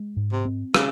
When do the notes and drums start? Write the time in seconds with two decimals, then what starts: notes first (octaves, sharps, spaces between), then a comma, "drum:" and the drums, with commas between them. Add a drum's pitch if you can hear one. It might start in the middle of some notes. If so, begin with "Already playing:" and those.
Already playing: G#3
0.17 G#2
0.32 C3
0.45 C4
0.74 C#3, drum: rim click